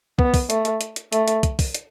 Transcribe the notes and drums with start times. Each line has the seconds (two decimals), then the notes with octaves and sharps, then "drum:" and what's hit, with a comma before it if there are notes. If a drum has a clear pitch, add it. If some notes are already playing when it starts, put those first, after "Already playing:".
0.19 B3, drum: kick
0.34 drum: kick, open hi-hat
0.50 A3, drum: hi-hat
0.65 drum: hi-hat
0.81 drum: hi-hat
0.96 drum: hi-hat
1.13 A3, drum: hi-hat
1.28 drum: hi-hat
1.43 drum: kick, hi-hat
1.59 drum: kick, open hi-hat
1.75 drum: hi-hat